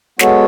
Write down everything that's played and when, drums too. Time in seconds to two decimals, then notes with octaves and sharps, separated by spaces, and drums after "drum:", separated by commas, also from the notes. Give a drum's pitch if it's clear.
0.19 G#3 B3 F#4 A4 C#5, drum: snare